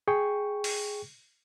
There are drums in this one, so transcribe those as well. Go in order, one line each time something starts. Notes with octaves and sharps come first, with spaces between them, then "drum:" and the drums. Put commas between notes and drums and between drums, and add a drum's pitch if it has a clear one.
G#4 G5 C#6
drum: open hi-hat